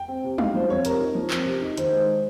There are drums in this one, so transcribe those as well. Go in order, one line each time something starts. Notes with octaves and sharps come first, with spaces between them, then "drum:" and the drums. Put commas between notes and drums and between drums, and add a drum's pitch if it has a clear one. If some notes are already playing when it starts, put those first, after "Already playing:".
Already playing: G5
C4
C3
D#4 F5, drum: tom G3
F3 C5
C4 C#5
C3 A#4, drum: hi-hat
D#4
F3
C4, drum: clap
C3
D#4
D#3 C5, drum: hi-hat
G#3